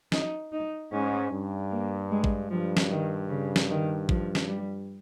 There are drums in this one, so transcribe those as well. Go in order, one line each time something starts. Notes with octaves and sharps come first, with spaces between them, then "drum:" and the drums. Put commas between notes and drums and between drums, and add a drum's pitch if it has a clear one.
D#4, drum: snare
D#4
G#2 C#4
G2
A#3
G#3
drum: kick A1
G2 F3
drum: snare
D#3
C#3
drum: snare
D#3
F3, drum: kick A1
drum: snare
G3